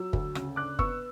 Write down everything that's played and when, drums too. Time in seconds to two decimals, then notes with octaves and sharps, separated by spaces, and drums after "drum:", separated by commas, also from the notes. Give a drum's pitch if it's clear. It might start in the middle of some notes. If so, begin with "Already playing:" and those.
Already playing: F#3 E6
0.13 D2, drum: kick
0.35 C#3, drum: rim click
0.56 D4 D6 F#6
0.79 B3 C#6 E6, drum: kick